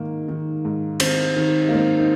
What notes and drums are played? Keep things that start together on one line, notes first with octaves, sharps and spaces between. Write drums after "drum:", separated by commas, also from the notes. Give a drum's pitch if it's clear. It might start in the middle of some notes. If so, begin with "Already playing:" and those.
Already playing: G#2 D#3 A#3
D#3
G#2
D#3 C4, drum: cymbal
D#3
A#3
G#2 C4
D#4